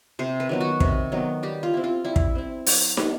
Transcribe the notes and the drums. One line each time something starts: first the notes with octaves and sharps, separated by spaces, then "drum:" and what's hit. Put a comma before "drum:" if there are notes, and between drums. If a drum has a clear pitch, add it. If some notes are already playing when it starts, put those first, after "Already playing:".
C3 C5
B4
D#3 F#3 B3
F#4
C3, drum: kick
D#3 F#3 B3
G3 G4
F4
C4 E4
F4
G3 E4
drum: kick
C4 E4
F#3, drum: open hi-hat
B3 D4, drum: snare